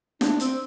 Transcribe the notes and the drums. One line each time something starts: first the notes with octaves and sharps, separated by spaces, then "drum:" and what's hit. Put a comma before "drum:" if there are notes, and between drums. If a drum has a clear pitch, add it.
D4, drum: snare
C4, drum: hi-hat